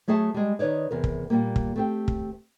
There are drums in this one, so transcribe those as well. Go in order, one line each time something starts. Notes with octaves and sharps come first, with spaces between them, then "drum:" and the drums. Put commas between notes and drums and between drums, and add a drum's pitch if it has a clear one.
F#3 A3 G#4 E5 A5
G3 G#3
D#3 D#4 B4 C#5 D5
E2 C3 A#4
drum: kick
A#2 G3 A#3
drum: kick
A3 C4 G4
drum: kick